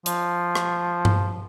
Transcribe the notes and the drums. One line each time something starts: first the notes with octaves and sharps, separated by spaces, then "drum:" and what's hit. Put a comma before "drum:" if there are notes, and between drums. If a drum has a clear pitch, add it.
F3, drum: hi-hat
drum: rim click
drum: tom G2